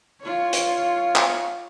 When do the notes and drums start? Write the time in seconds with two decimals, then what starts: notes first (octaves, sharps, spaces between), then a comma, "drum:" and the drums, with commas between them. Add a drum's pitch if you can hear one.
0.21 F4 C#5
0.53 drum: hi-hat
1.16 drum: clap